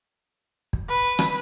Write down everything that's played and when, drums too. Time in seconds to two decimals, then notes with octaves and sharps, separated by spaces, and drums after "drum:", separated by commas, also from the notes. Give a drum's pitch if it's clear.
0.73 drum: kick
0.88 B4
1.19 drum: rim click